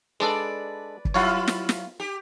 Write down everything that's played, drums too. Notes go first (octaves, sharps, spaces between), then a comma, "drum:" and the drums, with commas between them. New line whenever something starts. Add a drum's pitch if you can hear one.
G#3 D4 A4 B4 D5
drum: kick
F#3 E4 F4 C#5 F5 F#5
drum: snare
drum: snare
G4